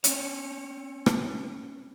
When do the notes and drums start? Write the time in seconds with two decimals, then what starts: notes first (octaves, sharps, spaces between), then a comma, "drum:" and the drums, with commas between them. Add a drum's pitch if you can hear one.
0.04 C4 C#4 C#5, drum: hi-hat
1.06 drum: rim click